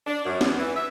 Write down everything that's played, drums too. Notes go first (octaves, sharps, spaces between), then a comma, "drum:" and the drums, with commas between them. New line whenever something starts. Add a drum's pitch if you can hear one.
D4
F#2
E2, drum: snare
E3
E5